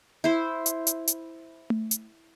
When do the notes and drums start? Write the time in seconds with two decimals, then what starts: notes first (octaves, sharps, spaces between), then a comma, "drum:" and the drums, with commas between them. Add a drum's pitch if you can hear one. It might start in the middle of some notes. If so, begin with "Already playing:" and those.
0.24 E4 C5
0.66 drum: hi-hat
0.87 drum: hi-hat
1.07 drum: hi-hat
1.70 drum: tom A3
1.91 drum: hi-hat